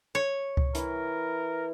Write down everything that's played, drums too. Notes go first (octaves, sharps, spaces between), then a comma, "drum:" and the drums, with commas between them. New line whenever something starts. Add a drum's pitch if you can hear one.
C#5
drum: kick C#2
E3 E4 A#4, drum: hi-hat